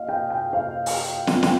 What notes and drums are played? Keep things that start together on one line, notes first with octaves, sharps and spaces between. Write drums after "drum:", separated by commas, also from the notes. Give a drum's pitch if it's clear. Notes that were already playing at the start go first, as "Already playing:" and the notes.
Already playing: D#5 F5
G5
G5
F5
drum: open hi-hat
drum: snare
G5, drum: snare